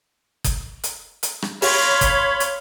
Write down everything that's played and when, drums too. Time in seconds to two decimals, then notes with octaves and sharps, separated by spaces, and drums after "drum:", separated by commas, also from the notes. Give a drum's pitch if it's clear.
0.44 drum: kick F#1, hi-hat
0.84 drum: hi-hat
1.23 drum: hi-hat
1.42 drum: rim click
1.62 C#5 F5 B5 C6, drum: open hi-hat
2.01 drum: kick F#1, hi-hat
2.40 drum: hi-hat